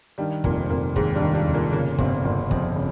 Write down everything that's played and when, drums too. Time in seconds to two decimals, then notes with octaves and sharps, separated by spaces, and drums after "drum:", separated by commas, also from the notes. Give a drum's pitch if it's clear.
0.18 G2 D#3 G3
0.44 F1 A#2 A#3, drum: kick
0.61 C4
0.70 F1 A#2 A#3
0.96 D#2 G#2 G#3, drum: kick
1.15 G2 G3
1.22 D#3
1.34 G2 G3
1.48 F1
1.54 A#2 A#3
1.73 A#2 C#3 A#3
1.98 G1 C3 C4, drum: kick
2.24 G1 A#2 A#3
2.51 F2 C3 C4, drum: kick
2.76 C#3